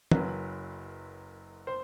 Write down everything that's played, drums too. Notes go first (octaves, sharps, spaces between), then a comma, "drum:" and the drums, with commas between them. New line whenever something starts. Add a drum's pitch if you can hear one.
F#1 F#2 F#3 B4, drum: tom
C5